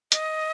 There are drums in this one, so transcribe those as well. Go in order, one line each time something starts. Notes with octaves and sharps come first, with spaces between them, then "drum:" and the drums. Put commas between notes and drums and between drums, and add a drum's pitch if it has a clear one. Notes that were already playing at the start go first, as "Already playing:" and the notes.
D#5, drum: hi-hat